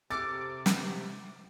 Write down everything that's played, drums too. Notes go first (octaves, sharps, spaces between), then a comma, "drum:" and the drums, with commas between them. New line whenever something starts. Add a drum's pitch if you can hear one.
C3 A4 D6 F6 F#6 A6
drum: snare